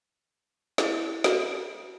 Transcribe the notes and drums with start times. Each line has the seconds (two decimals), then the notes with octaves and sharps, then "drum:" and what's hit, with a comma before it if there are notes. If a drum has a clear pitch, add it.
0.78 E4, drum: snare
1.24 F#4, drum: snare